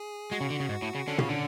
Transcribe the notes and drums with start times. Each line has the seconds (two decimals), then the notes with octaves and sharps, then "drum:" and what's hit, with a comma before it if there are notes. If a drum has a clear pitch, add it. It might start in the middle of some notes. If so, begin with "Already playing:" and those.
Already playing: G#4
0.31 G#3 F#4
0.41 C#3
0.50 D3
0.60 C#3
0.69 G#2
0.83 A2
0.95 C#3
1.08 D3 C#4
1.18 C#3, drum: tom
1.29 D3